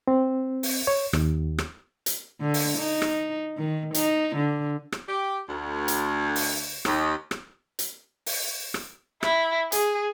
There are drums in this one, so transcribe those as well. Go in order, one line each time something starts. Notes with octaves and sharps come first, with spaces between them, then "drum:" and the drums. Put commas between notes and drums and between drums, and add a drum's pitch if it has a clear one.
C4
drum: open hi-hat
C#5
D#2, drum: rim click
drum: rim click
drum: hi-hat
D3
drum: open hi-hat
D#4
drum: rim click
D#3
D#4, drum: hi-hat
D3
drum: rim click
G4
D2
drum: hi-hat
drum: open hi-hat
D#2, drum: rim click
drum: rim click
drum: hi-hat
drum: open hi-hat
drum: rim click
E4, drum: rim click
G#4, drum: hi-hat